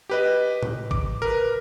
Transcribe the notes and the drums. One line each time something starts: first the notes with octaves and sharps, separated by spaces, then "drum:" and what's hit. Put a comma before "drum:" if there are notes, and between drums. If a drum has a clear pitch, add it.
G4 B4 D#5
drum: tom A2
D6, drum: kick
A#4 B4